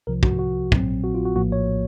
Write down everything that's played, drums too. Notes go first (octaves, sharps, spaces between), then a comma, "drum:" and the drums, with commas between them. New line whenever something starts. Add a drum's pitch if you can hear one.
C2 C3 F3 A#4
F#4, drum: kick
F#4
A#1 A#2 F#3 C4, drum: kick
F#4
F4
F#4
A#1 A2 F3 A#3 F#4
C#5